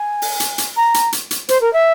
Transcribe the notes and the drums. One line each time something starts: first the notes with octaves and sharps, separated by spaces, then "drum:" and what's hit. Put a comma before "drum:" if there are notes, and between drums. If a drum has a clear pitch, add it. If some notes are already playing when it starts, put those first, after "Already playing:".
Already playing: G#5
drum: open hi-hat
drum: hi-hat
drum: hi-hat
A#5
drum: hi-hat
drum: hi-hat
drum: hi-hat
C5, drum: hi-hat
A#4
E5